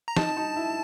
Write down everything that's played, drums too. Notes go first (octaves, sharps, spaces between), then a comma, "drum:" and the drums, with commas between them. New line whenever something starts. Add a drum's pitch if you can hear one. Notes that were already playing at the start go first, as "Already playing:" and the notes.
A#5
D#4 A5, drum: snare
D#4
E4